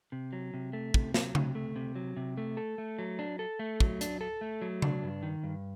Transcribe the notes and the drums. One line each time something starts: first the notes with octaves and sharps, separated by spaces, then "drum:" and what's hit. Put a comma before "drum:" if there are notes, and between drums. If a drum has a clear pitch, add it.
C3
F#3
C3
A3
C3, drum: kick
F#3, drum: snare
C3, drum: tom C#3
A3
C3
F#3
C3
A3
A4
A3
F#3
D4
A4
A3
F#3, drum: kick
D4, drum: hi-hat
A4
A3
F#3
D4, drum: tom C#3
G2
D#3
G2